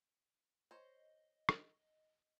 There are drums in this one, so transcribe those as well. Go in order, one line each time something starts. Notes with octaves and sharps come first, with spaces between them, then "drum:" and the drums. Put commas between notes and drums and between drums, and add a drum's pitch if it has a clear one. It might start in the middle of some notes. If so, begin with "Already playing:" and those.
C5 C#5 D#5
drum: rim click